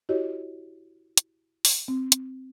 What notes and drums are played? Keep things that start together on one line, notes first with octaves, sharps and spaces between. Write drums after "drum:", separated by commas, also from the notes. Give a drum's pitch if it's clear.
E4 F#4 G4 C#5 D#5
drum: hi-hat
drum: open hi-hat
C4
drum: hi-hat